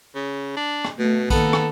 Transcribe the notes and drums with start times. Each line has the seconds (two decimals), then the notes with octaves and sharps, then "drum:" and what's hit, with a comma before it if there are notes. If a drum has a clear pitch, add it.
0.15 C#3
0.57 D4
0.85 drum: rim click
0.99 B2 A3
1.30 D#3 A#3 B3 A4, drum: kick A#1, tambourine
1.53 drum: rim click